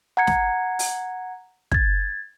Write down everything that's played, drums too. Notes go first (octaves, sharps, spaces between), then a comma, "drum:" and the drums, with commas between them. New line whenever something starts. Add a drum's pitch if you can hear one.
F#5 A#5 G#6 C#7
drum: snare
drum: open hi-hat
G#6 A6, drum: kick